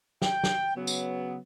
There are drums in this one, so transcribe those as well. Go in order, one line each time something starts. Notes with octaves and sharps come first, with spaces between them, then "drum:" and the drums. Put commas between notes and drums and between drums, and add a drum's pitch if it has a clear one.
G5, drum: snare
drum: snare
C#3 F#3 B3
drum: tambourine